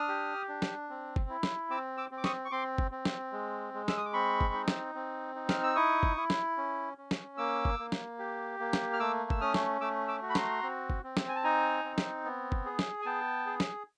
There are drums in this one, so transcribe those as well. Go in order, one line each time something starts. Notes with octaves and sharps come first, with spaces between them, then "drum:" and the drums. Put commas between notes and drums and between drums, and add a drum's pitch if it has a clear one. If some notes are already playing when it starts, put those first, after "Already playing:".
Already playing: D4 D#6 F6
G4
D4
drum: snare
C4
drum: kick
E4
drum: snare
C4 D6 E6
D6 E6
C4
D6
C#6 D#6, drum: snare
C#6
C4 C6 D6
drum: kick
C4
drum: snare
G#3
G#3
E6, drum: snare
D#6
D6
C4 B5 C#6
drum: kick
D#4
drum: snare
C4
D#4
F6, drum: snare
E6
E4 C#6 D#6
drum: kick
E4
drum: snare
C#4
C#4
drum: snare
A#3 D6 E6
drum: kick
A#3
drum: snare
G4
A#3
drum: snare
F6
A3 D6 E6
E6, drum: kick
C#4 D#6 F6
drum: snare
A3 D6 E6
D6 E6
F#4
B5
A#5 C6, drum: snare
C4
drum: kick
C4
drum: snare
G#5
A5
D#4 G#5 A#5
C4
drum: snare
B3
drum: kick
G#4
drum: snare
G#5
B3 G5 A5
G#4
drum: snare